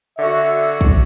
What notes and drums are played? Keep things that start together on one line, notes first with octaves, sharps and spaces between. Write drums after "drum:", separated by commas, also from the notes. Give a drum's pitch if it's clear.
D3 F#4 C#5 E5
drum: kick